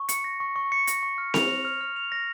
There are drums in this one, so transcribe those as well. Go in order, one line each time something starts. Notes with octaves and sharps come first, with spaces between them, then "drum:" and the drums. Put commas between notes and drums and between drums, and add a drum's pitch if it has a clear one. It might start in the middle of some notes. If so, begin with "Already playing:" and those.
Already playing: C#6
C#7, drum: hi-hat
A#6
C#6
C#6
C#7
A#6, drum: hi-hat
C#6
F6
F7, drum: snare C4
A#6
F6
F6
F7
A#6